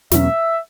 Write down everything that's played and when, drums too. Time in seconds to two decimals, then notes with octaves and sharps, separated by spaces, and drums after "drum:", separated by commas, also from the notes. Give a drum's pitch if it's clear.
0.11 E2 B2 F#3 C#4 E5, drum: snare